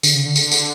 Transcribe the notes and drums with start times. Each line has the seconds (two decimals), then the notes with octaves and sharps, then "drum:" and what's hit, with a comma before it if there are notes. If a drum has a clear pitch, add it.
0.03 D3, drum: tambourine
0.15 C#3
0.26 D3
0.36 drum: tambourine
0.52 drum: tambourine